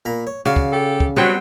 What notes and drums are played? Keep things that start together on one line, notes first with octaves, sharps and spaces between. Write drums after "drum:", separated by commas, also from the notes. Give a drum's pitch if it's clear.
A#2 A#5 B5
C#5
C#3 F#4 D5 F5
drum: kick
G4 A4
drum: kick
F#3 G3 B3 C4 G5